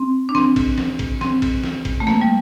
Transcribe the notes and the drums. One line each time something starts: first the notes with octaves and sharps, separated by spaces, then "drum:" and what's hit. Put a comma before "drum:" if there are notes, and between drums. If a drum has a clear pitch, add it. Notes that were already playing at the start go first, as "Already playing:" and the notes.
Already playing: C4
D4
C4, drum: snare
drum: kick, cymbal
drum: snare
drum: kick, cymbal
C4, drum: snare
drum: kick, cymbal
drum: snare
drum: kick, cymbal
A3
A#3, drum: snare
G3